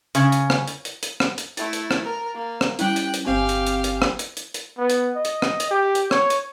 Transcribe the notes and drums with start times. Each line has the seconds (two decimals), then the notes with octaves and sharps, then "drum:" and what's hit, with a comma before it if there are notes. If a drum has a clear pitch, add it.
0.15 C#3, drum: hi-hat
0.32 drum: hi-hat
0.50 drum: rim click
0.68 drum: hi-hat
0.85 drum: hi-hat
1.03 drum: hi-hat
1.20 drum: rim click
1.38 drum: hi-hat
1.57 A3 E4 A6, drum: hi-hat
1.73 drum: hi-hat
1.91 drum: rim click
2.04 A#4
2.35 A#3
2.61 drum: rim click
2.79 G3 C#4 E4 G5 F#6, drum: hi-hat
2.96 drum: hi-hat
3.14 drum: hi-hat
3.25 G1 C4 G4 F5 G#5
3.49 drum: hi-hat
3.66 drum: hi-hat
3.84 drum: hi-hat
4.02 drum: rim click
4.19 drum: hi-hat
4.37 drum: hi-hat
4.54 drum: hi-hat
4.78 B3
4.90 drum: hi-hat
5.15 D#5
5.25 drum: hi-hat
5.42 drum: rim click
5.60 drum: hi-hat
5.71 G4
5.95 drum: hi-hat
6.11 C#5, drum: rim click
6.30 drum: hi-hat